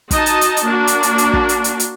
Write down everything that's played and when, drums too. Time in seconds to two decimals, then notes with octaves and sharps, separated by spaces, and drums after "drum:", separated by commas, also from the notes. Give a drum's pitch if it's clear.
0.11 D#4 F#4 D#5 A5, drum: kick, hi-hat
0.26 drum: hi-hat
0.41 drum: hi-hat
0.57 drum: hi-hat
0.66 A#3 D4 F#4
0.87 drum: hi-hat
1.03 drum: hi-hat
1.18 drum: hi-hat
1.33 drum: kick
1.49 drum: hi-hat
1.64 drum: hi-hat
1.80 drum: hi-hat